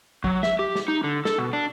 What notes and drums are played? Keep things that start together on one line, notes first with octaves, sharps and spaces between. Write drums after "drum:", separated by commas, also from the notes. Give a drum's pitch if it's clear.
F#3, drum: kick
E5, drum: snare
G4
drum: snare
D#4
D3
A4, drum: snare
B2
D4